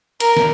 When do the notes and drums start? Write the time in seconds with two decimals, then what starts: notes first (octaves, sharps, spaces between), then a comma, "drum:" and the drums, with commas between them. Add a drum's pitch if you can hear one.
0.20 A#4, drum: hi-hat
0.37 drum: snare